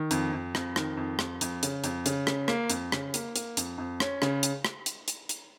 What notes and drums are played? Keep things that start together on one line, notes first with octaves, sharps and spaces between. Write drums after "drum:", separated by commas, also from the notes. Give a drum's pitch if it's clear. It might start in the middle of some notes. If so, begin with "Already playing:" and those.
Already playing: D#3
F2, drum: hi-hat
F2
F2, drum: rim click
D#3, drum: rim click
F2
F2, drum: rim click
F2, drum: hi-hat
C#3, drum: hi-hat
F2, drum: hi-hat
C#3, drum: hi-hat
C#3, drum: rim click
A#3, drum: rim click
F2, drum: hi-hat
C#3, drum: rim click
A#3, drum: hi-hat
A#3, drum: hi-hat
F2, drum: hi-hat
F2
C#4, drum: rim click
C#3, drum: rim click
drum: hi-hat
drum: rim click
drum: hi-hat
drum: hi-hat
drum: hi-hat